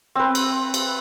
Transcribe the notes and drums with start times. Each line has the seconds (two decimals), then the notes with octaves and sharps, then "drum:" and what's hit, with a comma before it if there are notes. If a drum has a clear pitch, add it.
0.16 C4 B4
0.35 drum: cymbal
0.74 drum: cymbal